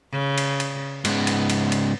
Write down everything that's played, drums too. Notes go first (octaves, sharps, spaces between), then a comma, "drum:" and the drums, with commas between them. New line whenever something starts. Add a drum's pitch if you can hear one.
C#3
drum: cymbal
drum: cymbal
G#2 C#3 B3, drum: cymbal
drum: cymbal
drum: cymbal
drum: cymbal